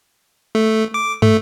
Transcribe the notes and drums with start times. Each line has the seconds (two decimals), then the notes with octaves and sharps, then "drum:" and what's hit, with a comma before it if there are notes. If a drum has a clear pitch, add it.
0.55 A3
0.94 D6
1.22 A3, drum: tom